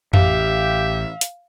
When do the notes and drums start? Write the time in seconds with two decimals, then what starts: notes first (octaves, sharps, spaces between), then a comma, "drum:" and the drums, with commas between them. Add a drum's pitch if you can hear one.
0.13 A1 G4 E5 F5, drum: tom F2
1.21 drum: hi-hat